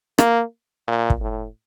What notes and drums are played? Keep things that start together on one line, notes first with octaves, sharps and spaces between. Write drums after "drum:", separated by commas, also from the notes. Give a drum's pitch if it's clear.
A#3, drum: rim click
A#2
drum: kick
A2